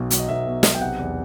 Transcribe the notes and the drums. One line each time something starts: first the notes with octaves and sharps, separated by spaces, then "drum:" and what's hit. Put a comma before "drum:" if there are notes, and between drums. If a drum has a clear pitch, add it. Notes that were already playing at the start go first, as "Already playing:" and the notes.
Already playing: B1 B2
F#3, drum: hi-hat
D#5
B1 E5
B2
B1, drum: snare
G5
C3 F#5
E2